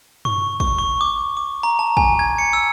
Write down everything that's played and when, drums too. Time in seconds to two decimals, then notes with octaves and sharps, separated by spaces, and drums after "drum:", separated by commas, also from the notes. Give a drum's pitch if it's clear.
0.25 C#6, drum: tom
0.60 C#6, drum: kick
0.79 C#6
1.01 D6
1.37 D6
1.63 A#5
1.79 A5
1.97 G#5, drum: kick
2.19 G#6
2.38 C#7
2.53 E6